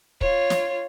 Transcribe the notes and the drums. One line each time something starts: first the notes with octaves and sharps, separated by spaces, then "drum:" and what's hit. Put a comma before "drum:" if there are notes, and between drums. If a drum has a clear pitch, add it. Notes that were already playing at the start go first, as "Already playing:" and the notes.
F4 C#5, drum: kick
drum: snare